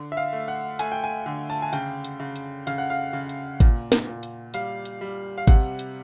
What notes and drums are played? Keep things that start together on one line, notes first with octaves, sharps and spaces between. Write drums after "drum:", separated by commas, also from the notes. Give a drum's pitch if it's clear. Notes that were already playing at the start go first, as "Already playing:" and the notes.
Already playing: D3
E5
F5
A3
F#5
A3 G#5, drum: hi-hat
G5
G#5
D3
A5
G#5
C#3 G5, drum: hi-hat
drum: hi-hat
C#3
drum: hi-hat
C#3 F5, drum: hi-hat
F#5
F5
C#3
drum: hi-hat
A#2, drum: kick G#1, hi-hat
drum: snare
A#2
drum: hi-hat
G3 F5, drum: hi-hat
drum: hi-hat
G3
F5
C3 F#5, drum: kick G#1, hi-hat
drum: hi-hat